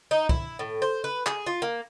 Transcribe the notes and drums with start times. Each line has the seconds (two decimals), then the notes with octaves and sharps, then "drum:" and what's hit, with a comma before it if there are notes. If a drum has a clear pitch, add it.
0.11 D#4
0.29 E4, drum: kick
0.59 A2
0.82 C5
1.04 B4
1.26 G#4, drum: clap
1.46 F4
1.62 A#3